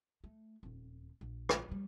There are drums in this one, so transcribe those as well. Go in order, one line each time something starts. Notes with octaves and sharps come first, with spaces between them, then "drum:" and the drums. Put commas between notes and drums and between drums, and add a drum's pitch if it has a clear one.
A3
D#1 F2
A#1
drum: rim click
F3 G3